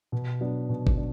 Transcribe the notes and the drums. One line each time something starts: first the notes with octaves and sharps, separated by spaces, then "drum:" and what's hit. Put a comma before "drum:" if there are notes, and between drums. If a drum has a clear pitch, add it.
B2
F#3 B3 D4
B2
drum: kick G#1
D4